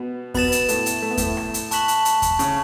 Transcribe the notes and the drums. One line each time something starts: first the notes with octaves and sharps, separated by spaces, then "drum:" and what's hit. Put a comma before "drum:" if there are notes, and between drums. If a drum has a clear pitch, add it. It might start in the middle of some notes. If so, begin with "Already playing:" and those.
Already playing: B2 B3
B2 B3 B5 A6 E7, drum: kick E2, open hi-hat
drum: hi-hat
A2 A3, drum: hi-hat
drum: hi-hat
A3
B3
A2 A3, drum: kick E2, hi-hat
drum: rim click
drum: hi-hat
A5 C#6 F#6 B6 F#7, drum: hi-hat
drum: hi-hat
drum: hi-hat
drum: kick E2, hi-hat
C#3, drum: hi-hat